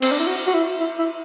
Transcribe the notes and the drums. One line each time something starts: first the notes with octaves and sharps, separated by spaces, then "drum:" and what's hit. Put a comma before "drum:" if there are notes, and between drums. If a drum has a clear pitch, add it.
C4, drum: cymbal
D4
E4
F#4
F#4
E4
E4
E4